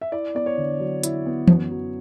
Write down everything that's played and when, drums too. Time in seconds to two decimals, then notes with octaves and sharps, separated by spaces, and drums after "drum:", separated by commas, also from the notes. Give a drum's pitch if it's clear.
0.01 E5
0.12 E4 D5
0.35 B3 D5
0.46 C#5
0.58 D3
0.80 F#3
1.04 E4, drum: hi-hat
1.26 B3
1.48 F#2, drum: tom E3
1.71 F#3